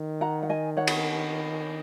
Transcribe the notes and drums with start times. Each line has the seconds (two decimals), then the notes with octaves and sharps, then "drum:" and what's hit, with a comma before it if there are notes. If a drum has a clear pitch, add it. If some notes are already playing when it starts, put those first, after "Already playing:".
Already playing: D#3
0.21 F#5 A#5
0.43 F#5
0.49 D#5 G#5
0.77 C#5 F#5
0.87 drum: cymbal